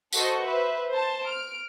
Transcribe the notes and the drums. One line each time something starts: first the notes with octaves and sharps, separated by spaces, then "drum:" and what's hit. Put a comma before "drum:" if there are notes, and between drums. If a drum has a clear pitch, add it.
F#4 A4 C5 D#5 C#6, drum: tambourine
B4 C5 E5
C5 A5
F6 D7